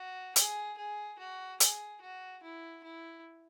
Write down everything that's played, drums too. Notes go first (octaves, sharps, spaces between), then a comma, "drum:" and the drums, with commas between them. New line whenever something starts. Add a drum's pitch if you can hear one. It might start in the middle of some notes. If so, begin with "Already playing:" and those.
Already playing: F#4
G#4, drum: hi-hat
G#4
F#4
G#4, drum: hi-hat
F#4
E4
E4